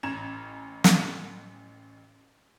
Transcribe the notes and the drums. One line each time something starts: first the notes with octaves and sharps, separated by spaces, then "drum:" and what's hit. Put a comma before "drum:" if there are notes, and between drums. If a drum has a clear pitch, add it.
A1 C#4 A#5 G#6 E7
drum: snare